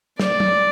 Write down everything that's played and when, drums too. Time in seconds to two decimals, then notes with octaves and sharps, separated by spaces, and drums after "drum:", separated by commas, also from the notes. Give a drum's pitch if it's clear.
0.19 D5, drum: snare
0.40 drum: tom